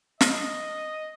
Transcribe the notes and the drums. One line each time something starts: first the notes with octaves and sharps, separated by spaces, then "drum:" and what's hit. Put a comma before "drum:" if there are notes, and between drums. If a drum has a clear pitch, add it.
D#5, drum: snare